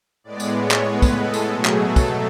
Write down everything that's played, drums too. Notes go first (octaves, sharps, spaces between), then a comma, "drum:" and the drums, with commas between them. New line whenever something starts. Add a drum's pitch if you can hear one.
A2 G#3 B3 D5
drum: tambourine
C#5
drum: clap
B4
drum: kick, tambourine
A4
drum: tambourine
B2 F#3 A3 G#4
drum: clap
A4
drum: kick, tambourine